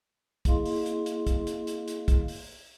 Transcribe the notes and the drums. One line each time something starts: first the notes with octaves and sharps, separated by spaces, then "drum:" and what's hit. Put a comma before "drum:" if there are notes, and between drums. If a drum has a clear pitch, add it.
A#3 E4 G#4 D#5 F5 C6, drum: kick, hi-hat
drum: open hi-hat
drum: hi-hat
drum: hi-hat
drum: kick, hi-hat
drum: hi-hat
drum: hi-hat
drum: hi-hat
drum: kick, hi-hat
drum: open hi-hat